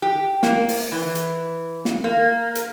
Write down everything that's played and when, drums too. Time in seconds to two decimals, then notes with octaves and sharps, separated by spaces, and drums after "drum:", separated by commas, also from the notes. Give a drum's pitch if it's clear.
0.02 G4
0.43 A#3, drum: snare
0.68 drum: open hi-hat
0.92 E3
1.15 drum: hi-hat
1.85 drum: snare
2.04 A#3
2.55 drum: hi-hat